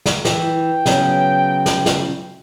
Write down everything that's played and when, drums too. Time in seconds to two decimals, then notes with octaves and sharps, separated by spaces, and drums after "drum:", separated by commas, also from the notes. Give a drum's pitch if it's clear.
0.06 drum: snare
0.25 E3 G5, drum: snare
0.86 C#3 F#3 B3, drum: snare
1.66 drum: snare
1.86 drum: snare